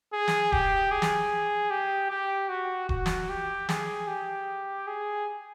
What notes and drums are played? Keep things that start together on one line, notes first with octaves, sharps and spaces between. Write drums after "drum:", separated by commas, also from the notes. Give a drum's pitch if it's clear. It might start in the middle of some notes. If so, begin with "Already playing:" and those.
G#4
drum: snare
G4, drum: kick D#1
G#4
drum: snare
G4
G4
F#4
F#4, drum: kick D#1
drum: snare
G4
G#4, drum: snare
G4
G#4